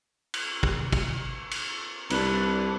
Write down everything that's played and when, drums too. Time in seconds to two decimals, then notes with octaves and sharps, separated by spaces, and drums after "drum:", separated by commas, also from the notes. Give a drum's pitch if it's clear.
0.34 drum: cymbal
0.63 drum: kick
0.93 drum: kick, cymbal
1.51 drum: cymbal
2.10 C2 D4 B4, drum: cymbal